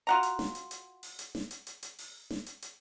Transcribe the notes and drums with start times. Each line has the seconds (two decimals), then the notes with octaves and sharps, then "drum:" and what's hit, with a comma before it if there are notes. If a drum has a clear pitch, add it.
0.07 F4 F#4 A#5
0.23 drum: hi-hat
0.39 drum: snare
0.55 drum: hi-hat
0.71 drum: hi-hat
1.03 drum: open hi-hat
1.19 drum: hi-hat
1.35 drum: snare
1.51 drum: hi-hat
1.67 drum: hi-hat
1.83 drum: hi-hat
1.99 drum: open hi-hat
2.30 drum: snare
2.46 drum: hi-hat
2.62 drum: hi-hat